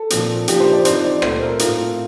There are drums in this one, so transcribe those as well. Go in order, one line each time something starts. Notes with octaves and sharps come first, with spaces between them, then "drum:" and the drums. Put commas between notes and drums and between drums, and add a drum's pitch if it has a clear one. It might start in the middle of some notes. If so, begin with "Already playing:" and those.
Already playing: A4
A#2 F3 C4, drum: hi-hat
A#2 F3 A#3 D4 G4, drum: hi-hat
C5
D5
F3 C4 D#4 C5, drum: hi-hat
D5
A#2 A3 C4 C5, drum: rim click
A#4
A2 A3 C4 F4, drum: hi-hat